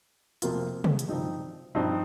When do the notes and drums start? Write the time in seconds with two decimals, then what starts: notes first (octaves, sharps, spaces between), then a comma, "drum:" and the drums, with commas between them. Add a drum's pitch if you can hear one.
0.42 F2 C3 F3 A#3 F4, drum: hi-hat
0.84 drum: tom C3
0.99 drum: hi-hat
1.08 G2 F3 C4 D#4
1.75 G2 F3 C4 D#4